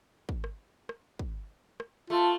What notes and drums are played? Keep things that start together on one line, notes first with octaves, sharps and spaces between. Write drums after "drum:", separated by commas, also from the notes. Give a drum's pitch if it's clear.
drum: kick
drum: rim click
drum: rim click
drum: kick
drum: rim click
A3 F4